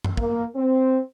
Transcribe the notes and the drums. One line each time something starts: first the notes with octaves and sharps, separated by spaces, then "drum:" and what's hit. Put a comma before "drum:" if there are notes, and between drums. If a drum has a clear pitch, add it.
drum: tom F#2
A#3, drum: kick
C4